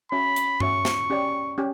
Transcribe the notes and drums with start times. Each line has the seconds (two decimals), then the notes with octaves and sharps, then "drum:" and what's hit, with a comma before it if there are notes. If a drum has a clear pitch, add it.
0.12 C#4 F#4 C#5 E5 B5
0.36 drum: hi-hat
0.60 C#4 F#4 C#5 E5 C#6, drum: tom G2
0.85 drum: snare
1.10 C#4 G4 D5 G5
1.58 C#4 G4